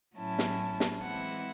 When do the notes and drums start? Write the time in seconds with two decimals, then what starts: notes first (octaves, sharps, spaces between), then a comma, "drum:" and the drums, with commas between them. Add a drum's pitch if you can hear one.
0.17 A2 F#3 C#4 E4 A5
0.39 drum: snare
0.80 drum: snare
1.00 E3 G#3 C4 E4 F#5